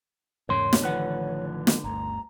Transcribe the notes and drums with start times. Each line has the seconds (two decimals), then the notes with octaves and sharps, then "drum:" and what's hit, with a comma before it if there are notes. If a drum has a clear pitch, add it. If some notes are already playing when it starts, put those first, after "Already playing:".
0.49 E2 G#2 C#3 A#4 C#5 C6
0.73 drum: snare
0.82 A1 D3 D#3 F3 B4 F#5
1.67 drum: snare
1.84 G1 D2 A#5